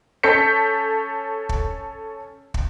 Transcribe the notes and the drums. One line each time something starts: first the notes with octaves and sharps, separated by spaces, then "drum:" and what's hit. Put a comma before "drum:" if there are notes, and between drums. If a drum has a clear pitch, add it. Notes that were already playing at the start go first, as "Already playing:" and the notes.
C#4 A4 C#5 G6 B6 C#7
drum: kick
drum: kick